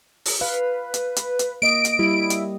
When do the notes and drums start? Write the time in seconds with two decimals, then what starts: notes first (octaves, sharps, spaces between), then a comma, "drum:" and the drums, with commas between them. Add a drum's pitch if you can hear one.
0.25 drum: open hi-hat
0.41 B4 F5
0.94 drum: hi-hat
1.16 drum: hi-hat
1.39 drum: hi-hat
1.62 A#3 D#5 D7
1.85 drum: hi-hat
1.99 G3 E4
2.30 drum: hi-hat